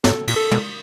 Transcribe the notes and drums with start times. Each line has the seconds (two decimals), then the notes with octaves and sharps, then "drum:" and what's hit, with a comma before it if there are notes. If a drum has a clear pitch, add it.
0.04 G#2 A4, drum: snare
0.28 A#2, drum: cymbal
0.36 A4
0.51 B2, drum: tom